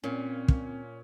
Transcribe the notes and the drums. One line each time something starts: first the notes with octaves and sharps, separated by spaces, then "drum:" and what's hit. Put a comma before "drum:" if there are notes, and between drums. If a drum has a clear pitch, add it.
A#2 C4 C#4
drum: kick